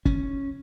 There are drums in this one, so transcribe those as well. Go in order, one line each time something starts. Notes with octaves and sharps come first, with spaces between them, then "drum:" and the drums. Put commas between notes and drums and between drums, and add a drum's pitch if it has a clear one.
C#4, drum: kick